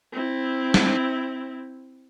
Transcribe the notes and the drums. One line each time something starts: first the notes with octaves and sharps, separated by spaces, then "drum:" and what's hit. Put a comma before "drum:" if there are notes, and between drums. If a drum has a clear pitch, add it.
C4 E4
drum: snare